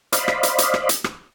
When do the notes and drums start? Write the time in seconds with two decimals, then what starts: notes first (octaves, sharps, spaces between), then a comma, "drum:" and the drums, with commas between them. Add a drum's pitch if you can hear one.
0.13 C5 D5 D#5 F5 B5, drum: hi-hat
0.28 drum: rim click
0.43 drum: hi-hat
0.58 drum: hi-hat
0.74 drum: rim click
0.89 drum: hi-hat
1.04 drum: rim click